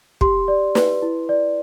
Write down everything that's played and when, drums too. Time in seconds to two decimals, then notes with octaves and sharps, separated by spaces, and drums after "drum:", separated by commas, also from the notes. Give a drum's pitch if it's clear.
0.21 G4 C6, drum: kick
0.48 D5
0.75 B4, drum: snare
1.02 E4
1.29 D5